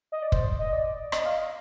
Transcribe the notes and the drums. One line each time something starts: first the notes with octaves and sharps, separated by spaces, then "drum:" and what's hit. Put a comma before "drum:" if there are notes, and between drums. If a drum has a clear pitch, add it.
D#5
D5
C5, drum: kick
D#5
D5
D#5, drum: rim click
F5
D#5